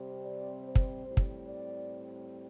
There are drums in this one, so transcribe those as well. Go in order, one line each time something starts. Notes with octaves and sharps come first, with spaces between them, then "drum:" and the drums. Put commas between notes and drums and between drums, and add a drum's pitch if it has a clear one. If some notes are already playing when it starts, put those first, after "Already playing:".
Already playing: C3 G3 C4
D5
C5
drum: kick
A2 G3 C4
drum: kick
D5